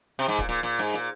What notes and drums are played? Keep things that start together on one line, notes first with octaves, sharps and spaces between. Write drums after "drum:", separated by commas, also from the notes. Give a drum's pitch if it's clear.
C3
G#2
A#2, drum: kick
A#2
A#2
G#2
A#2